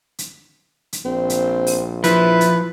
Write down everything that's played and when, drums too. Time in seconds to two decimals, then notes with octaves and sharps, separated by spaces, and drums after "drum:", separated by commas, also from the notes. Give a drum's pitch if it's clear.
0.19 drum: hi-hat
0.93 drum: hi-hat
1.05 A#1 C4
1.30 drum: hi-hat
1.67 drum: open hi-hat
2.04 F3 E4 B4, drum: hi-hat
2.41 drum: hi-hat